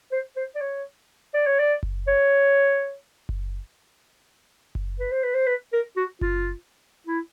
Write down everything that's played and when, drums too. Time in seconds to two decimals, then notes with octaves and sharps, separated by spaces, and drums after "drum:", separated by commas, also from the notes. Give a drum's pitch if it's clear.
0.12 C5
0.36 C5
0.55 D5
0.61 C#5
1.34 D5
1.47 C#5
1.59 D5
1.83 drum: kick F#1
2.07 C#5
3.29 drum: kick F#1
4.75 drum: kick F#1
4.99 B4
5.11 C5
5.23 B4
5.34 C5
5.47 B4
5.73 A#4
5.96 F#4
6.21 F4, drum: kick F#1
7.07 E4